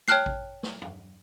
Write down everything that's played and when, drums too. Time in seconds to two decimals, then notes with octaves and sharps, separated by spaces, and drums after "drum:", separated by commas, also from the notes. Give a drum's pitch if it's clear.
0.08 C#5 G5 A5 F6 F#6 C7, drum: snare
0.26 drum: kick A1
0.63 drum: snare
0.82 drum: tom